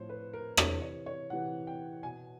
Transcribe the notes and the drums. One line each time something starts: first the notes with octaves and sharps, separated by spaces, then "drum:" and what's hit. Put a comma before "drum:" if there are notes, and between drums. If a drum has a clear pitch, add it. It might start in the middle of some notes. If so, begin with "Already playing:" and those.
Already playing: A2 F3 C5 C#5
B4
A#4
C3 E3 C#5, drum: rim click
C#5
C#5
C3 E3 F#5
G5
B2 G#5